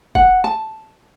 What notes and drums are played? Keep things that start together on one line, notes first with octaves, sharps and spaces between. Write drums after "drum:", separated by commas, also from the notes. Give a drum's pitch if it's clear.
F#5, drum: kick
A5